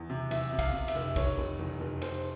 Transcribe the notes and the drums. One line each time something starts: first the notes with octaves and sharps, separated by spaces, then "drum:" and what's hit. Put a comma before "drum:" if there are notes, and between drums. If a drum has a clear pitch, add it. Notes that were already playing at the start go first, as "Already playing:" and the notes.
Already playing: E2
C3
E2 E5, drum: cymbal
C3
F5, drum: kick, cymbal
C3
E5, drum: cymbal
F1
F1 C#5, drum: kick, cymbal
F1
E2
F1
F1 C5, drum: cymbal